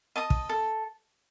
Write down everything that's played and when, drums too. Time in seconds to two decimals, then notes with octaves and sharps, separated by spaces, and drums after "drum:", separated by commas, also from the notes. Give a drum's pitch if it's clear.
0.16 D#5 A5 D#6
0.30 drum: kick
0.49 A4